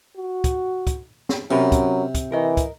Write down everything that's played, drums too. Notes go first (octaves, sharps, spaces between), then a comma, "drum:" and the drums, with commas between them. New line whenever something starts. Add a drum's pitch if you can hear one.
F#4
drum: kick, hi-hat
drum: kick, hi-hat
drum: snare
C3 F#3 C#4 A#4 B4
drum: kick, hi-hat
drum: kick, hi-hat
E3 A#4 D#5
drum: kick, hi-hat